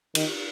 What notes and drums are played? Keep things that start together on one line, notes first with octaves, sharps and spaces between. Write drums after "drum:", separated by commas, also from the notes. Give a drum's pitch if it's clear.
D#3, drum: cymbal